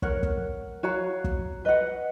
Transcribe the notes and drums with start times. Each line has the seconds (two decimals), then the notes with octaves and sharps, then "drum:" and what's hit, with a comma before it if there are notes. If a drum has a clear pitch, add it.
0.02 A#4 C#5 F#5, drum: kick
0.23 drum: kick
0.83 F#4 C#5 F5 A#5
1.24 drum: kick
1.65 B4 D#5 F#5